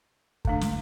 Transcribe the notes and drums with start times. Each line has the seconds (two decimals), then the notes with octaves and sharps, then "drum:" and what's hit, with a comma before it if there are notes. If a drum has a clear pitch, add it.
0.45 D3 A3 D4, drum: kick
0.61 drum: snare